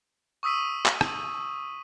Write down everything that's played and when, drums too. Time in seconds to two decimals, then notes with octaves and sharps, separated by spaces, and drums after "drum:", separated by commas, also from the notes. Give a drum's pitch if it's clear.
0.43 C#6 D#6 E6 B6 D#7
0.86 drum: clap
1.01 drum: rim click